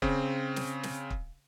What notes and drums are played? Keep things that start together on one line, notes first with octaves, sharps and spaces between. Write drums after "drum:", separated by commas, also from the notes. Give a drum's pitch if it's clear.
C#3 C4, drum: kick
drum: snare
drum: snare
drum: kick